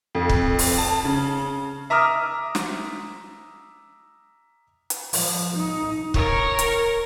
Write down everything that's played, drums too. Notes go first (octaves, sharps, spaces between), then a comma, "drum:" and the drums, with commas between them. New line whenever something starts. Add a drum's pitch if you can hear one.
F2
drum: kick
drum: open hi-hat
A5
C#3
E5 A#5 D6 D#6 F6
drum: snare
drum: hi-hat
F3, drum: open hi-hat
D#4
A#4 C#5, drum: kick
drum: hi-hat